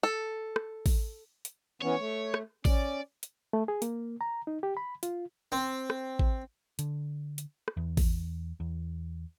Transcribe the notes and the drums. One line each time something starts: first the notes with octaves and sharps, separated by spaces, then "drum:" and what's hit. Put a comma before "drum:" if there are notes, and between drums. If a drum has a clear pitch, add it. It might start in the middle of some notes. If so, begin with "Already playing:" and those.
A4
drum: rim click
drum: kick A1, open hi-hat
drum: hi-hat
E3 B3 C#4 C#5
A3
drum: rim click
C#4 D5, drum: kick A1, open hi-hat
drum: hi-hat
A3
G#4
A#3, drum: hi-hat
A#5
D#4
G4
B5
F4, drum: hi-hat
C4
drum: rim click
drum: kick A1
D3, drum: hi-hat
drum: hi-hat
drum: rim click
E2
drum: kick A1, open hi-hat
E2